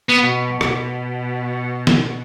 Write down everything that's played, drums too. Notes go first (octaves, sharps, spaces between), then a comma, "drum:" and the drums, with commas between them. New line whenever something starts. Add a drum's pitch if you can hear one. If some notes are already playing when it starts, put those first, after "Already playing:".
B3
B2
B2, drum: rim click
drum: snare